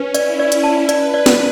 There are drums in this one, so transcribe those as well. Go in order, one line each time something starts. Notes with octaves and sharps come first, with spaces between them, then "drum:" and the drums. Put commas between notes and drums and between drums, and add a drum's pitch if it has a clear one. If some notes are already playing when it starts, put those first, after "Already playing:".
Already playing: C#4 B4
E4 D5, drum: hi-hat
D5
drum: hi-hat
A5
B4 D5, drum: hi-hat
D5
drum: snare